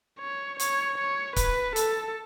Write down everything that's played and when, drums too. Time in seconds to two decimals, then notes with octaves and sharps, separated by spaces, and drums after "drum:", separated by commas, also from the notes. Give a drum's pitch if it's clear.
0.20 C#5
0.60 C#5, drum: hi-hat
0.98 C#5
1.36 B4, drum: kick C#1, hi-hat
1.76 A4, drum: hi-hat